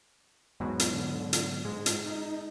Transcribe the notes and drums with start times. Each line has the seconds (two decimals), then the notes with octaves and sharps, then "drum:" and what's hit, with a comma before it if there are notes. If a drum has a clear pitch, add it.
0.60 E2 G#2 B2 F#3
0.80 drum: hi-hat
0.93 D3
1.33 drum: hi-hat
1.65 G#2 G#3
1.86 drum: hi-hat
2.06 D#4